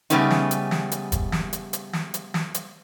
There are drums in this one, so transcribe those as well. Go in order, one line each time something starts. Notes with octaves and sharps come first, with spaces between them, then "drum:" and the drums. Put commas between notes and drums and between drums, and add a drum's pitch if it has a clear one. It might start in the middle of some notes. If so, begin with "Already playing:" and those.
C#3 G3 A3 B3 C#4 D#4, drum: hi-hat
drum: snare
drum: hi-hat
drum: snare
drum: hi-hat
drum: kick F1, hi-hat
drum: snare
drum: hi-hat
drum: hi-hat
drum: snare
drum: hi-hat
drum: snare
drum: hi-hat